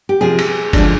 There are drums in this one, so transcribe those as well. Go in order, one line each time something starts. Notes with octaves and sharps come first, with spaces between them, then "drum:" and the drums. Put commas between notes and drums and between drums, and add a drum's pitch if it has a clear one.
G4
C3 F3 C4 G#4
drum: cymbal
D3 F3 G#3 D4, drum: kick, cymbal